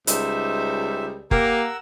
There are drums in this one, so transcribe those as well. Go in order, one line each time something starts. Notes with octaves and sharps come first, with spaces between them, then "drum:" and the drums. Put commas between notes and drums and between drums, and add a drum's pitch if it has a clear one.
C#2 G3 D#4 C5 E5, drum: hi-hat
A#3 G4 A#4 F#5 E6, drum: kick F#1